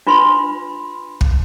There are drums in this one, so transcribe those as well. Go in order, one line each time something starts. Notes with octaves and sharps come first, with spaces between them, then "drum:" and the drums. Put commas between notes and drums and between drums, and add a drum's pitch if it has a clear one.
D4 F4 B4 B5 C6
drum: kick